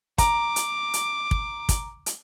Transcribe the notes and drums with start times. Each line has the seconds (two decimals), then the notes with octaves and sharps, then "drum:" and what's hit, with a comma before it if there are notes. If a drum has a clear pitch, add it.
0.18 A#5 D6, drum: kick, hi-hat
0.56 drum: hi-hat
0.94 drum: hi-hat
1.31 drum: kick
1.69 drum: kick, hi-hat
2.06 drum: hi-hat